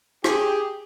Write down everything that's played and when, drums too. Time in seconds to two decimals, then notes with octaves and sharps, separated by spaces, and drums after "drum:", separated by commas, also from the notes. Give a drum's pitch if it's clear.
0.24 G4 G#4, drum: rim click